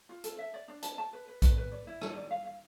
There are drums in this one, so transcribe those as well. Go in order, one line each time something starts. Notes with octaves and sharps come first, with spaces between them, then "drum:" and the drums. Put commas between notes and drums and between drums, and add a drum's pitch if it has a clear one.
F4
A4, drum: hi-hat
E5
D5
D4
A5, drum: hi-hat
A5
B4
B4
B4, drum: kick A#1, hi-hat
B4
D5
E4
A4, drum: rim click
D5
F5
F5